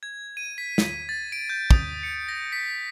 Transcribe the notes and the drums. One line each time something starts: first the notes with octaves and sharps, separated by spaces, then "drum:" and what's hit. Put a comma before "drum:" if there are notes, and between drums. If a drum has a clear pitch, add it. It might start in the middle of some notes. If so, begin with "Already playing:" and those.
G#6
D#7
B6
drum: snare
A6
D7
G6
D#6, drum: kick
C#7
A#6
B6